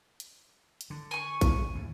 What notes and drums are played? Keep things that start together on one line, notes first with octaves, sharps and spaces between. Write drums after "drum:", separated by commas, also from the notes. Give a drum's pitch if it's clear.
drum: hi-hat
drum: hi-hat
D3
G#5 C#6
drum: kick, hi-hat
D#2 A2